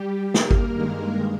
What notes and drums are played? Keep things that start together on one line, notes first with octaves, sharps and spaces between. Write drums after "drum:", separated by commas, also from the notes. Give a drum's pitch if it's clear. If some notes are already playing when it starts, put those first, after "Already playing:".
Already playing: G3 G4
A#3 A#4, drum: snare
drum: kick G#1
G2 D#3 G#3 A#3 A#4